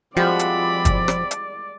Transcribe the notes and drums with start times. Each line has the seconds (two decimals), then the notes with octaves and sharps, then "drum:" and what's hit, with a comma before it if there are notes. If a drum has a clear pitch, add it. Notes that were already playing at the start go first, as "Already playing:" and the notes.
0.17 F3 G3 G#3 C4 F#4 D5 B5
0.39 drum: hi-hat
0.85 drum: kick, hi-hat
1.08 drum: rim click
1.31 drum: hi-hat